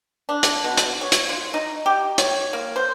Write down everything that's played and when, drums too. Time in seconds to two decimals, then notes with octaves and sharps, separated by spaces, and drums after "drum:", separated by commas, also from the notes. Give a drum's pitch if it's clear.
0.29 D4
0.43 drum: hi-hat
0.64 B2
0.77 drum: hi-hat
1.01 C#5
1.12 drum: hi-hat
1.29 F4
1.54 D#4
1.86 G4
2.18 C#5, drum: hi-hat
2.53 A#3
2.76 C5